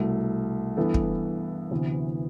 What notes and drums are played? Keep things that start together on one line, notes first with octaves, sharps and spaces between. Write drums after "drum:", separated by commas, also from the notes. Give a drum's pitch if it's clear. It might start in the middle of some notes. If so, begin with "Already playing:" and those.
Already playing: C2 B2 A3
G2 E3 B3 E4 A4
drum: kick
D2 C3 E3 B3